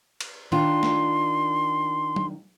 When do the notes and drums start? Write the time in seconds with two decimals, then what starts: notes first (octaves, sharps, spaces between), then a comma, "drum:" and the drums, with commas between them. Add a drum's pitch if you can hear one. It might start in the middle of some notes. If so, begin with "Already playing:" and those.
0.21 drum: cymbal
0.52 D#3 D4 F4 C6, drum: tom D#3
0.83 drum: snare
2.16 drum: tom F#3